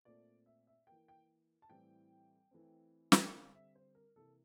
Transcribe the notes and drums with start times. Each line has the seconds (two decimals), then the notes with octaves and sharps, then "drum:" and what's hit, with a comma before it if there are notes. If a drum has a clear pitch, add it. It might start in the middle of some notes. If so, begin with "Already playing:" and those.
0.05 A#2 A3 C4 D5
0.46 E5
0.67 E5
0.87 E3 A#3 G5
1.08 G5
1.62 A5
1.69 A2 E3 G3 C4 G5
2.51 E3 A3 C4
3.12 drum: snare
3.33 D3 G3 C4 F5
3.54 E5
3.75 C5
3.95 A#4
4.16 C3 E3 A#3 A4